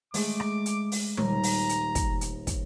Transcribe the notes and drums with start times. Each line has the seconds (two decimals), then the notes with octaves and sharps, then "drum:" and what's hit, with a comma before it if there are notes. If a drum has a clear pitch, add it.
0.14 G#3 A3 G#4 D6, drum: open hi-hat
0.40 drum: rim click
0.66 drum: hi-hat
0.92 drum: open hi-hat
1.17 D#1 A#5, drum: tom
1.43 drum: open hi-hat
1.69 drum: hi-hat
1.95 drum: kick, hi-hat
2.21 drum: hi-hat
2.47 drum: kick, hi-hat